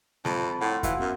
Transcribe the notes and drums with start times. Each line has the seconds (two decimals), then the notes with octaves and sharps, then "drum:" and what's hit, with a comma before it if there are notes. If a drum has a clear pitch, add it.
0.25 F2 A5 B5, drum: snare
0.61 A2 F#5 C6
0.83 E3 F#4 F5 F#5, drum: kick F2, hi-hat
1.00 F#2 B3